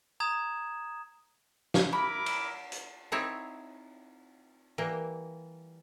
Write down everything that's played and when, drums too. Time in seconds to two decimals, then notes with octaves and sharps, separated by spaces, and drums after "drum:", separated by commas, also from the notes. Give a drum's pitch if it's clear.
0.20 A#5 D#6 G#6 E7
1.74 drum: snare
1.93 E4 A#4 B5 D6
2.26 drum: cymbal
2.72 drum: hi-hat
3.12 C4 D#4 E4 C#5
4.78 E3 G3 A#3